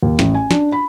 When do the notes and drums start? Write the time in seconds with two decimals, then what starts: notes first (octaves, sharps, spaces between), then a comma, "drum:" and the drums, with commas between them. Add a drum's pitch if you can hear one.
0.03 D#2
0.19 A1, drum: snare
0.34 G#5
0.51 D4, drum: snare
0.72 B5